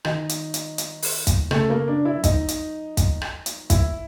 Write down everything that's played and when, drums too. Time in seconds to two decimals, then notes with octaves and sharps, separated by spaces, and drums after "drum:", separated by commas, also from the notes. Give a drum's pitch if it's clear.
0.05 D#3 D#4, drum: rim click
0.29 drum: hi-hat
0.54 drum: hi-hat
0.78 drum: hi-hat
1.02 drum: open hi-hat
1.27 drum: kick, hi-hat
1.51 C#3 A3, drum: rim click
1.69 A#3
1.88 D4
2.05 E4
2.18 F#3
2.24 F3 D#4, drum: kick, hi-hat
2.48 drum: hi-hat
2.97 drum: kick, hi-hat
3.22 drum: rim click
3.46 drum: hi-hat
3.70 E4, drum: kick, hi-hat